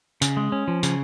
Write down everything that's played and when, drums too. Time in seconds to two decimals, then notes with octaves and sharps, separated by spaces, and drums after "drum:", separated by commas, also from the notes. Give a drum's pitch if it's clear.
0.21 C#3, drum: hi-hat
0.37 G#3
0.52 C#4
0.68 F3
0.83 C#3, drum: hi-hat